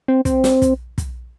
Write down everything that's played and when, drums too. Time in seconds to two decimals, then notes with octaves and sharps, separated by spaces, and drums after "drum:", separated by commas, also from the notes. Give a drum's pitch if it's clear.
0.08 C4
0.25 C4, drum: kick, hi-hat
0.44 drum: snare
0.62 drum: kick, hi-hat
0.98 drum: kick, hi-hat